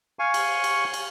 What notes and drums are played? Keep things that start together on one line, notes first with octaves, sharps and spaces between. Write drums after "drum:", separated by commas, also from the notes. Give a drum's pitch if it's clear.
F5 G#5 C#6
drum: cymbal
drum: cymbal
drum: cymbal